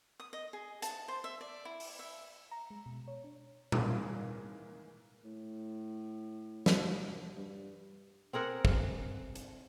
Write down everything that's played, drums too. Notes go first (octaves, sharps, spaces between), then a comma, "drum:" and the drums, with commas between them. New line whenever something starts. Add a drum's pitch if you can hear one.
D#6
D#5
G#4
A5, drum: hi-hat
C5
E5
D5
E4
drum: open hi-hat
E5
A#5
G#3
B2
C#5
D4
D#3 E3 G#3 A#3, drum: tom A#2
A2
drum: snare
G2
C4 G#4 A#4 F#5
drum: kick
drum: hi-hat